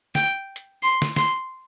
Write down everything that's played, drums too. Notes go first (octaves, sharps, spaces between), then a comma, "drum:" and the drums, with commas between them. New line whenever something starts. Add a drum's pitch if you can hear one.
G5, drum: snare
drum: hi-hat
C6
drum: snare
C6, drum: snare